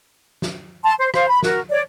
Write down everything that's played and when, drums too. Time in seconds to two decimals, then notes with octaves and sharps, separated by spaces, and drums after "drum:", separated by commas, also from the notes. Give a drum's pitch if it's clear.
0.42 drum: snare
0.83 A5 C6
0.99 C5
1.14 C5 F5, drum: rim click
1.27 B5
1.43 F#4 A#4, drum: snare
1.70 C#5 D5